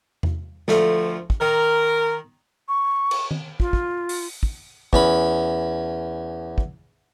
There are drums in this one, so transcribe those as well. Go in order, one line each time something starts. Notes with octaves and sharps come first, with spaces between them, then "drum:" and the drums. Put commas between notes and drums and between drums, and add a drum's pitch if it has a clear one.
drum: tom E2
D2 F3 A3, drum: snare
drum: kick
D#3 A#4
C#6
drum: cymbal
drum: tom D#3
F4, drum: kick
drum: kick
drum: open hi-hat
drum: kick
E2 C#4 B5, drum: kick
drum: kick